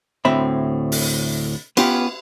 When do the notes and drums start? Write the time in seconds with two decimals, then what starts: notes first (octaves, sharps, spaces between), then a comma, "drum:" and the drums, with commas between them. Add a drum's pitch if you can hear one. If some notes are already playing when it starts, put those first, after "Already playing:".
0.25 D2 A2 C4 E5 B5
0.92 drum: open hi-hat
1.77 B3 C#4 F4 G4, drum: cymbal